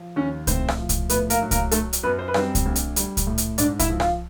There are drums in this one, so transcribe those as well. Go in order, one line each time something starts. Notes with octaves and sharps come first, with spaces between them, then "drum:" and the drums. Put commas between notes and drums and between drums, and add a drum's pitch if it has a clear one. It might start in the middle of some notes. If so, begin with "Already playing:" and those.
Already playing: F3
D#2 C#4 C#5
A2 C4 C5, drum: kick C2, hi-hat
drum: rim click
F3
drum: kick C2, hi-hat
A2 B3 B4, drum: hi-hat
A#3 A#4, drum: hi-hat
F#3
A#3 A#4, drum: kick C2, hi-hat
F#3 A3 A4, drum: hi-hat
drum: hi-hat
F#2 B3 B4
C5
B4
G3 C4 C5, drum: rim click
drum: kick C2, hi-hat
D2
drum: hi-hat
G3, drum: hi-hat
drum: kick C2, hi-hat
A2
drum: hi-hat
G#2 D4 D5, drum: hi-hat
E4 E5, drum: kick C2, hi-hat
F3
F4 F5, drum: rim click